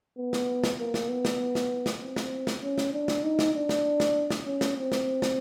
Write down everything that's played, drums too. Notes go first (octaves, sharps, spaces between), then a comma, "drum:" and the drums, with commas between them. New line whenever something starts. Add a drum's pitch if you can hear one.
B3
drum: snare
drum: snare
A#3
drum: snare
B3
drum: snare
drum: snare
drum: snare
C4
drum: snare
drum: snare
C#4
drum: snare
D4
drum: snare
D#4
drum: snare
D4
drum: snare
drum: snare
drum: snare
C#4
drum: snare
C4
drum: snare
drum: snare